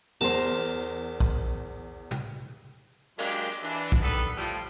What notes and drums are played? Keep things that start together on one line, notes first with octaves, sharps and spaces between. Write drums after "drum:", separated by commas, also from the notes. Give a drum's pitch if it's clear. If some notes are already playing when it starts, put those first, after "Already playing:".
E2 A#4 C5 A5
drum: open hi-hat
drum: kick
drum: tom
F#3 G#3 A#3 D4 G4, drum: cymbal
E3 D4
drum: kick
D#3 G3 B3 A4 B4
A2 F3 G3 F4